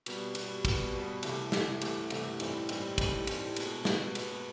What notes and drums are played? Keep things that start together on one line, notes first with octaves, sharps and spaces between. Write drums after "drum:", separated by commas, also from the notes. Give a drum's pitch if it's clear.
B2 G3 B3, drum: cymbal
B2 G3 B3, drum: cymbal
B2 G3 B3, drum: kick, cymbal
B2 G3 B3
C2 C3 E3 A3, drum: cymbal
C2 C3 E3 A3, drum: snare
C2 C3 E3 A3, drum: cymbal
C2 C3 E3 A3, drum: cymbal
A2 E3 G3 C4 D#4, drum: cymbal
A2 E3 G3 C4 D#4, drum: cymbal
A2 E3 G3 C4 D#4, drum: kick, cymbal
A2 E3 G3 C4 D#4, drum: cymbal
B2 G#3 B3, drum: cymbal
B2 G#3 B3, drum: snare
B2 G#3 B3, drum: cymbal